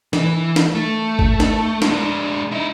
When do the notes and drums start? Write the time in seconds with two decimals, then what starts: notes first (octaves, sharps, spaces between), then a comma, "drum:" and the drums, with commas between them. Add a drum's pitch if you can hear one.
0.13 E3, drum: snare
0.56 drum: snare
0.75 A3
1.19 drum: kick
1.40 drum: snare
1.82 G#3 D4, drum: snare
2.51 D#4 E4